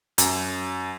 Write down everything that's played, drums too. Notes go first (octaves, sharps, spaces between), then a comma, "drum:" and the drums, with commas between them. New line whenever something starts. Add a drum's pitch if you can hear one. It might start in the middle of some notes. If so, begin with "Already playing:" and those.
F#2, drum: hi-hat